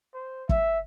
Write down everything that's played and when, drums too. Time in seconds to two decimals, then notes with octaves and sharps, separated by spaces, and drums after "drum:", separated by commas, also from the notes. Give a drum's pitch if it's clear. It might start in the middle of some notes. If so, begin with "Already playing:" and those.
0.14 C5
0.49 E5, drum: kick